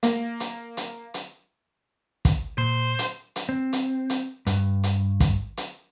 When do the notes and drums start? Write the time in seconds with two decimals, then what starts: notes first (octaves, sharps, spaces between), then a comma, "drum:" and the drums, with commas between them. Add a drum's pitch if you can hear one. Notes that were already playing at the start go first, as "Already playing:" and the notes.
0.03 A#3, drum: hi-hat
0.40 drum: hi-hat
0.77 drum: hi-hat
1.14 drum: hi-hat
2.25 drum: kick, hi-hat
2.58 A#2 C5
2.99 drum: hi-hat
3.36 drum: hi-hat
3.49 C4
3.73 drum: hi-hat
4.10 drum: hi-hat
4.47 G2, drum: hi-hat
4.83 drum: hi-hat
5.20 drum: kick, hi-hat
5.57 drum: hi-hat